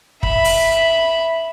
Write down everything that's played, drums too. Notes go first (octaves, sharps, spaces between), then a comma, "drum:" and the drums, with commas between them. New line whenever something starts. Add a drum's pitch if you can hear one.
E5 B5, drum: kick
drum: open hi-hat